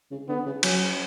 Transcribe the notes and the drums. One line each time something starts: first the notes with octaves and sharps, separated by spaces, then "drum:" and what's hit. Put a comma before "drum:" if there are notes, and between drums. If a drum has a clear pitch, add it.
C#3
D3 B3
C#3
F#3 C#4, drum: cymbal